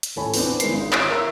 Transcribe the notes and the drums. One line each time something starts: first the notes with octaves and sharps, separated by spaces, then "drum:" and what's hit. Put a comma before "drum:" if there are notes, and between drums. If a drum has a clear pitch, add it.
drum: hi-hat
D#1 A2 A4 C#5 G#5 B5
E3 B3 C4 D4, drum: open hi-hat
D#3 G#3 E4 A#4 C7, drum: hi-hat
G#1 D#4
E4 C#5 D5 D7, drum: clap
A#4 E5 A#5 E6